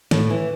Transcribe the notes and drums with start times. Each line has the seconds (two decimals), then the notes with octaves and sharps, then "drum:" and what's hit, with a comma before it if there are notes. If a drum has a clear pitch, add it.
0.11 A2, drum: snare
0.30 E3